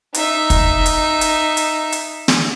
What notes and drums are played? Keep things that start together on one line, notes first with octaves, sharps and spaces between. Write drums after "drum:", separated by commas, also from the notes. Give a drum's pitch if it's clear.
D#4 E5, drum: hi-hat
drum: kick, hi-hat
drum: hi-hat
drum: hi-hat
drum: hi-hat
drum: hi-hat
drum: snare